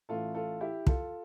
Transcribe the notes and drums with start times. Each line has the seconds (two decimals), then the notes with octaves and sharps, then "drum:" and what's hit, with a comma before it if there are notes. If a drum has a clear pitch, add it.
0.09 A1 A2 E3 F4 A4
0.35 F4 A4
0.61 E4 G4
0.87 F4 A4, drum: kick